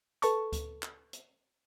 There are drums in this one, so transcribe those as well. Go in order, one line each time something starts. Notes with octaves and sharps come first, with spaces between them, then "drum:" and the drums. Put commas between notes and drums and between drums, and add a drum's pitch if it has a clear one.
A4 B4 A5 C#6, drum: hi-hat
drum: kick D2, hi-hat
drum: clap
drum: hi-hat